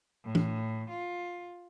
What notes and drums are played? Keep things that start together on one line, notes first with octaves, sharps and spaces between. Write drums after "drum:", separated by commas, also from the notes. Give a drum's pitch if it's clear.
A2
drum: tom E3
F4